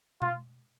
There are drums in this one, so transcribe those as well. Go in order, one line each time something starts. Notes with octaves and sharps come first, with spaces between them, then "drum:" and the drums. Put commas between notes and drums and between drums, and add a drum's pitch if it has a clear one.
F4, drum: tom B2